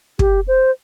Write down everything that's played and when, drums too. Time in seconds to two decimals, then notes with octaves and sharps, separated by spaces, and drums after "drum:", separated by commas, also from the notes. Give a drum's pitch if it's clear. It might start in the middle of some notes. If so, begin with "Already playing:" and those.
0.19 G4, drum: kick
0.48 C5